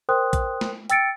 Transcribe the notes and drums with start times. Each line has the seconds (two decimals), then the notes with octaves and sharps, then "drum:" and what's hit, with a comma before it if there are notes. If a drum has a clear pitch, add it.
0.09 A#4 C5 G5 C6 D#6 F#6
0.33 drum: kick A#1, hi-hat
0.61 drum: snare
0.90 G5 E6 A6 C#7 D7, drum: hi-hat